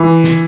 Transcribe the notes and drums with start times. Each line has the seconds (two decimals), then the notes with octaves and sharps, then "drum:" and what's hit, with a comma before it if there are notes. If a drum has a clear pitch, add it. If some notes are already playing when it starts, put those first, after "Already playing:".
Already playing: E3
0.24 drum: snare